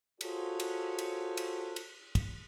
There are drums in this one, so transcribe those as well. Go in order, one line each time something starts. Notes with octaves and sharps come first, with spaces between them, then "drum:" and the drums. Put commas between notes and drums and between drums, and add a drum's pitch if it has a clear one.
F4 F#4 G#4 A4 C5 C#5, drum: cymbal
drum: cymbal
drum: cymbal
drum: cymbal
drum: cymbal
drum: kick, cymbal